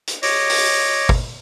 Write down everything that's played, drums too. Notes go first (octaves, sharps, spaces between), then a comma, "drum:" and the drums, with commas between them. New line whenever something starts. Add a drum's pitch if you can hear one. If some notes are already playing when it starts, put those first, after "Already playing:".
drum: hi-hat
C#5 D#5 D6, drum: open hi-hat
drum: open hi-hat
drum: kick